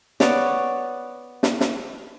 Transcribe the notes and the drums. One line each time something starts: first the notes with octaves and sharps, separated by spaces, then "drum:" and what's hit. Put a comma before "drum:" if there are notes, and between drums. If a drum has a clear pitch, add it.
B3 C#5 D5, drum: snare
drum: snare
drum: snare